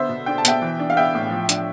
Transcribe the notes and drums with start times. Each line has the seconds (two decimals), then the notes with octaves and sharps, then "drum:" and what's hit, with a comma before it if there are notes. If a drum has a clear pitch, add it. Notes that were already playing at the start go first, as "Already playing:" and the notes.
Already playing: D3 B3 C5 E5
0.09 B2
0.26 D4 G5
0.38 A5
0.45 B2 E5 G5, drum: hi-hat
0.62 E3
0.80 D4
0.90 F5
0.97 B3 E5 G5
1.14 A2
1.31 F3
1.49 D4, drum: hi-hat